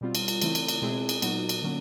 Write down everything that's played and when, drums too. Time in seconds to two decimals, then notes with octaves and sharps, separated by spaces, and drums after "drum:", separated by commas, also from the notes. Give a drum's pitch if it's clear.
0.01 B2 G3 C4 F4
0.15 drum: cymbal
0.28 drum: cymbal
0.42 C#3 E3 A3 C4 E4, drum: cymbal
0.55 drum: cymbal
0.68 drum: cymbal
0.82 B2 G#3 C4 E4 G#4
1.09 drum: cymbal
1.22 A#2 F#3 B3 D#4 F#4, drum: cymbal
1.49 drum: cymbal
1.62 D3 F#3 A#3 C#4